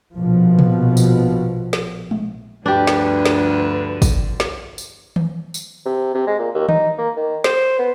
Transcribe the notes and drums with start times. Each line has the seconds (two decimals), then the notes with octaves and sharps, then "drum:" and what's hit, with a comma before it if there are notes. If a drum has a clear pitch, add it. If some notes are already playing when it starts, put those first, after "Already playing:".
0.15 A#1 B2 F3
0.59 drum: tom B2
0.97 drum: tambourine
1.73 drum: snare
2.11 drum: tom G#3
2.66 D2 G2 D3 F3 D4 G4 B4
2.87 drum: snare
3.25 drum: snare
4.02 drum: kick, tambourine
4.40 drum: snare
4.78 drum: tambourine
5.16 drum: tom D#3
5.54 drum: tambourine
5.85 C3
6.14 C3
6.27 G#3
6.39 A#2
6.55 D#2
6.69 D#4, drum: tom D#3
6.98 A#3
7.17 D#3
7.44 C5, drum: snare
7.79 B3